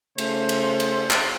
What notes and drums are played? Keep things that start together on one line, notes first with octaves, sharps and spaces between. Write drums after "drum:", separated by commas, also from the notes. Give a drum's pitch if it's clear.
C#3 A3 C5, drum: cymbal
drum: cymbal
drum: cymbal
drum: clap